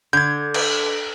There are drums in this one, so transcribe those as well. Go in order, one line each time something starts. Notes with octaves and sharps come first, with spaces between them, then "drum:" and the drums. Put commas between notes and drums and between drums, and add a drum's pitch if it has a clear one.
D3 G6 G#6
drum: cymbal